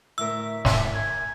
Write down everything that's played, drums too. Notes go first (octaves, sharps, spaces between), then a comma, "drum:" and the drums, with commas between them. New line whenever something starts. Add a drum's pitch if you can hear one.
D2 A2 A#4 E5 E6
drum: snare
A#4 G#5